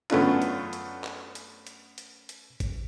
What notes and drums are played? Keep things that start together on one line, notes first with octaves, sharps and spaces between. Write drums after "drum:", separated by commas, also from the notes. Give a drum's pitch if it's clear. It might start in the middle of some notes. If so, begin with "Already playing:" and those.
F#2 A3 B3 C#4 D4 F4, drum: clap
drum: hi-hat
drum: hi-hat
drum: clap
drum: hi-hat
drum: hi-hat
drum: hi-hat
drum: hi-hat
drum: kick G#1, hi-hat